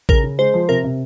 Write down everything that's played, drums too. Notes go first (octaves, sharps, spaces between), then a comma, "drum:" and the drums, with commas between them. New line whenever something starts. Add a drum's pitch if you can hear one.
C#3 A#4, drum: kick A1
C#3
G#3 C5
F3
C3 A#4
C3